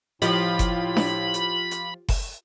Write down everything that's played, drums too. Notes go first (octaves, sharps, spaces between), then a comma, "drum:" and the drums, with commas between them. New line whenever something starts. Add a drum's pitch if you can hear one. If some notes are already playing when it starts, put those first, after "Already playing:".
A2 F3 F4 G4 D#5 F5 B5, drum: hi-hat
drum: kick F#1, hi-hat
drum: snare D4
drum: hi-hat
drum: hi-hat
drum: kick F#1, open hi-hat